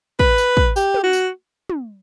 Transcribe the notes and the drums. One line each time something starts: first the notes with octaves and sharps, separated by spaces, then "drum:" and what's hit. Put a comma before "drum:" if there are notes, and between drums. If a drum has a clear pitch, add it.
B4, drum: kick
drum: tambourine
drum: kick
G4, drum: tambourine
drum: tom
F#4
drum: tambourine
drum: tom